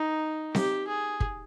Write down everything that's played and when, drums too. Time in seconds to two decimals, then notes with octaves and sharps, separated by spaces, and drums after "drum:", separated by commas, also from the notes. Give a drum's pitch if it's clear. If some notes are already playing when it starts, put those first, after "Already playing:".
Already playing: D#4
0.55 G4, drum: snare C4
0.87 G#4
1.20 drum: kick